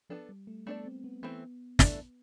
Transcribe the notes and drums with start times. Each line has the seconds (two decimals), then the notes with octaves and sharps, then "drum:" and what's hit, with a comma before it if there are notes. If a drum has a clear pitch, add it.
0.10 F3 B3 D4 A4
0.29 G3
0.47 A3
0.66 A3 B3 D4 A4 D5
0.85 C4
1.04 B3
1.23 E3 A3 B3 C4
1.79 E3 A3 D4, drum: snare